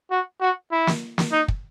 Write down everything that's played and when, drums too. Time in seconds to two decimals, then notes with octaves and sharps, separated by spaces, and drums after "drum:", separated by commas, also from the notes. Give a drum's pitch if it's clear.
0.11 F#4
0.41 F#4
0.72 E4
0.87 drum: snare
1.18 drum: snare
1.32 D#4
1.48 drum: kick